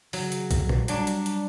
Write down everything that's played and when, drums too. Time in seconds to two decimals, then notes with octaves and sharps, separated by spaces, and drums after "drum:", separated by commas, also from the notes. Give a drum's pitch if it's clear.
0.13 C#3 F#3, drum: open hi-hat
0.32 drum: hi-hat
0.51 drum: kick A#1, hi-hat
0.69 drum: tom A#2
0.88 F#3 G3 D4, drum: hi-hat
1.07 drum: hi-hat
1.26 drum: hi-hat